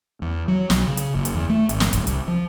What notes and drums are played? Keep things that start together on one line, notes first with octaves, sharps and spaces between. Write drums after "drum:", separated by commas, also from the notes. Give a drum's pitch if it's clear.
E2
F#3
B1, drum: snare
C#3
drum: hi-hat
F#1
drum: hi-hat
E2
A3
G#1, drum: hi-hat
drum: snare
D1, drum: kick, hi-hat
C2, drum: hi-hat
F3